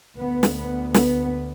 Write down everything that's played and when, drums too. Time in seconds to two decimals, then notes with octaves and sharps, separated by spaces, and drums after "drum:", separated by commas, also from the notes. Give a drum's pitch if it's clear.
0.17 D2 B3
0.43 drum: snare
0.56 B3
0.94 B3, drum: snare